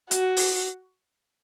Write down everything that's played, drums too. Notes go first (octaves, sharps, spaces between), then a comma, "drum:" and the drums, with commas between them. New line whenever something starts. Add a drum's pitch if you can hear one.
F#4, drum: hi-hat
drum: open hi-hat